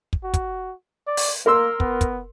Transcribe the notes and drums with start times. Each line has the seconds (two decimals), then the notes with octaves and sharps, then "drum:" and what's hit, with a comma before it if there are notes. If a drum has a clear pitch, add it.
0.13 drum: kick
0.24 F#4
0.34 drum: kick, hi-hat
1.07 D5
1.17 drum: open hi-hat
1.46 A#3 A#4 C6 E6
1.80 B3, drum: kick
2.01 drum: kick, hi-hat